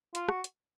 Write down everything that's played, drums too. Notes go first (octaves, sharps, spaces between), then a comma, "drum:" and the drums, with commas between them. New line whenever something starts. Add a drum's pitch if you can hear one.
F4, drum: hi-hat
F#4, drum: rim click
drum: hi-hat